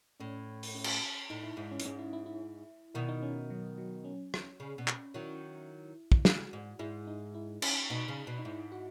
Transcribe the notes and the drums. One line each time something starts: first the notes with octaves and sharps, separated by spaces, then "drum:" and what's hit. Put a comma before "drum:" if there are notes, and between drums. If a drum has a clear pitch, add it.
A2 C#4
drum: open hi-hat
C#4
drum: cymbal
A2 D#4
E4
G#2 E4
C#4
F#2, drum: hi-hat
G#2 C#4
E4
E4
E4
B2 D#3 E4
D#4
C#4
F#3
F#3
C#4
drum: rim click
C#3
B2
drum: clap
D#3 F#3 E4
drum: kick
C#3 F#4, drum: snare
G#2
G#2 E4
D#4
E4
C#4, drum: cymbal
B2 D#4
C#3
B2
D#4
G#2 E4
F#4